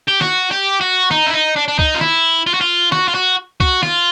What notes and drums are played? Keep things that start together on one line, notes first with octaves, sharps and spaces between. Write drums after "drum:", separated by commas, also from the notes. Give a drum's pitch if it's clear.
G4
F#4, drum: snare
G4
F#4
D#4, drum: snare
E4
D#4
D4
D4
D#4, drum: kick
F4
E4, drum: snare
F4
F#4
F4
F#4, drum: snare
F4
F#4
F#4, drum: kick
F4, drum: snare